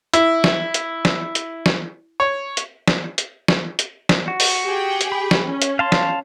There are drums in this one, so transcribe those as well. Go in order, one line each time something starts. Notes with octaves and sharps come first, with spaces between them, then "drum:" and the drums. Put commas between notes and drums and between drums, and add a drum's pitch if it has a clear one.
E4, drum: hi-hat
drum: snare
drum: hi-hat
drum: snare
drum: hi-hat
drum: snare
C#5
drum: hi-hat
drum: snare
drum: hi-hat
drum: snare
drum: hi-hat
drum: snare
F#4
drum: open hi-hat
G4 G#4 G5
drum: hi-hat
B5
drum: snare
C#4
drum: hi-hat
F5 A5 C6
drum: snare